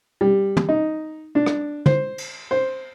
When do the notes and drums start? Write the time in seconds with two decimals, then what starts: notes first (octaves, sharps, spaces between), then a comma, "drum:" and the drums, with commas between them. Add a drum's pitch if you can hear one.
0.21 G3
0.57 drum: tom
0.69 D#4
1.35 D4
1.46 drum: rim click
1.86 C5, drum: tom
2.18 drum: cymbal
2.51 C5